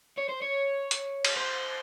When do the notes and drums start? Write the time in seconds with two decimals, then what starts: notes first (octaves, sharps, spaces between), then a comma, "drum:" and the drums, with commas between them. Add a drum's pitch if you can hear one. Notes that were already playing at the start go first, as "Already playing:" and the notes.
0.18 C#5
0.29 C5
0.42 C#5
0.91 drum: hi-hat
1.25 drum: cymbal
1.37 C5